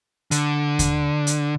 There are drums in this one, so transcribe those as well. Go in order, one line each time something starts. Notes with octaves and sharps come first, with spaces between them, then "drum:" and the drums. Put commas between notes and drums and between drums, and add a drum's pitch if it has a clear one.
D3, drum: hi-hat
drum: kick D#2, hi-hat
drum: hi-hat